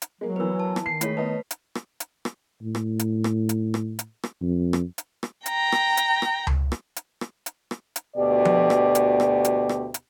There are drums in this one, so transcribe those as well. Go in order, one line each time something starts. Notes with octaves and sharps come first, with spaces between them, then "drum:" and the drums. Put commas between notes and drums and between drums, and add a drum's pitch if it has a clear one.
drum: hi-hat
F#3 G#3 A#3
E3 A#3 B3 B4 E6
A5
drum: rim click
D#3 C7
G#3 A3 E4 C#5 B6, drum: hi-hat
B3 B4 D#5 A5
drum: hi-hat
drum: rim click
drum: hi-hat
drum: rim click
A2
drum: rim click
drum: hi-hat
drum: rim click
drum: hi-hat
drum: rim click
drum: hi-hat
drum: rim click
F2
drum: rim click
drum: hi-hat
drum: rim click
G5 A#5, drum: hi-hat
drum: rim click
drum: hi-hat
drum: rim click
drum: tom C#2
drum: rim click
drum: hi-hat
drum: rim click
drum: hi-hat
drum: rim click
drum: hi-hat
D2 B2 G4 D5
drum: tom F3
drum: rim click
drum: hi-hat
drum: rim click
drum: hi-hat
drum: rim click
drum: hi-hat